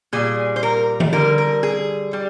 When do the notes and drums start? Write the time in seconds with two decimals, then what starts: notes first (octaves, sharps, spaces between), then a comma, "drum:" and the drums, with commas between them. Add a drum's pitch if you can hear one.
0.13 A#2 G3 G#4
0.56 C5
0.63 A#4
1.00 drum: tom D3
1.13 D3 G3 A#4
1.38 A#4
1.63 G#4
2.13 G3